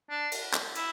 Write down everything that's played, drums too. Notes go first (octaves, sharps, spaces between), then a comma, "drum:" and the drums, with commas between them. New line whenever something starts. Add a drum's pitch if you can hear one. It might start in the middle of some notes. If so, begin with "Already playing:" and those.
D4
drum: cymbal
drum: clap
E4, drum: cymbal